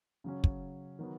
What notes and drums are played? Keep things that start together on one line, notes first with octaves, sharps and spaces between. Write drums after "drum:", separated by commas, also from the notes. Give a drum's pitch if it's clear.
C#3 F#3 C#4
drum: kick
D#3 F#3 B3